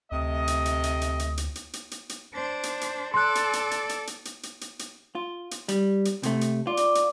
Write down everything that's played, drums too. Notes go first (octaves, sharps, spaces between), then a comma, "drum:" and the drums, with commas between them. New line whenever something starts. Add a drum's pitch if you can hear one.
D2 C3 A3 D#5
drum: hi-hat
drum: hi-hat
drum: hi-hat
drum: hi-hat
drum: hi-hat
drum: hi-hat
drum: hi-hat
drum: hi-hat
drum: hi-hat
drum: hi-hat
D4 C5
drum: hi-hat
drum: hi-hat
A4 D5 C6 F#6
drum: hi-hat
drum: hi-hat
drum: hi-hat
drum: hi-hat
drum: hi-hat
drum: hi-hat
drum: hi-hat
drum: hi-hat
drum: hi-hat
F4
drum: hi-hat
G3, drum: hi-hat
drum: hi-hat
C3 A3, drum: hi-hat
drum: hi-hat
F4 D5
drum: hi-hat
drum: hi-hat